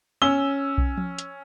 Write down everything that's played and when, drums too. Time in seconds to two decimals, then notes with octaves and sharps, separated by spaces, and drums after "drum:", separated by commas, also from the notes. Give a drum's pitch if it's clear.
0.22 C#4 E6 G7
0.78 drum: kick B1
0.97 drum: tom F3
1.19 drum: hi-hat